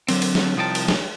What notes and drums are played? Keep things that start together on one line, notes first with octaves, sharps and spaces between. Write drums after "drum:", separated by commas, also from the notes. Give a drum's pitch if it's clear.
D3 F#3 C4, drum: cymbal
drum: cymbal
drum: snare
C2 F3 D#4 G5 A5
drum: cymbal
drum: snare